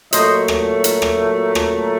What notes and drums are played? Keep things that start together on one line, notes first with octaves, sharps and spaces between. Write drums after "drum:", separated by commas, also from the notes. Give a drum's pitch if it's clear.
A#2 F#3 A3 C5 D#5, drum: hi-hat
drum: rim click
drum: hi-hat
drum: rim click
drum: rim click